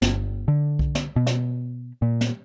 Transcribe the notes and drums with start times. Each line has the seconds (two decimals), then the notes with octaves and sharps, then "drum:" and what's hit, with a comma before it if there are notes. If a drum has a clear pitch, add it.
0.02 G1, drum: snare
0.48 D3
0.79 drum: kick B1
0.95 drum: snare
1.16 B2
1.27 drum: snare
2.02 A#2
2.21 drum: snare